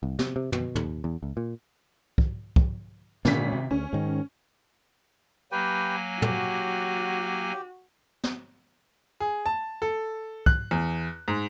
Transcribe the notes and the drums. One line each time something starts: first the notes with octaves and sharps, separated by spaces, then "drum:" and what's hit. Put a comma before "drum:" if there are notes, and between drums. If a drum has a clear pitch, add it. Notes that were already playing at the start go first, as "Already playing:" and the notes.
C2
C3, drum: snare
C3
B2, drum: tom
D#2, drum: tom
E2
C#2
A#2
drum: kick
drum: kick
G#1 A#2 D3 C#4 B6, drum: snare
C3
D2 C#4
G#2 D#3
F#3 A#3 G4 B4 G5 G#5
F#4 G4, drum: tom
drum: snare
G#4
A5
A4
F#6, drum: kick
E2
G#2